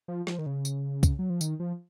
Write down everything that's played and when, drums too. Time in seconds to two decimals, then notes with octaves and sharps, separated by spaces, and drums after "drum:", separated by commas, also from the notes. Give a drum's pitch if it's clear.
0.08 F3
0.27 F3, drum: rim click
0.39 D#3
0.46 C#3
0.65 drum: tambourine
1.03 drum: kick, tambourine
1.19 F#3
1.30 F3
1.41 D#3, drum: tambourine
1.60 F3